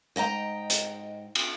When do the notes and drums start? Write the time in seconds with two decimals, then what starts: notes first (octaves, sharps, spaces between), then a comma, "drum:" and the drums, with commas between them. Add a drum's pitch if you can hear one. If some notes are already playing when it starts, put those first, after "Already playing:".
0.16 G#2 D#5 G5 A#5
0.70 drum: hi-hat
1.35 drum: cymbal